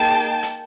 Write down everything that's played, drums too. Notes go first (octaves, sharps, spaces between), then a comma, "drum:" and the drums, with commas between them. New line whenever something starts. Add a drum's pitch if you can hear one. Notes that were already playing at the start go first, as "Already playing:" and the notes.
Already playing: A#3 D#4 G#4 G5 A5
drum: hi-hat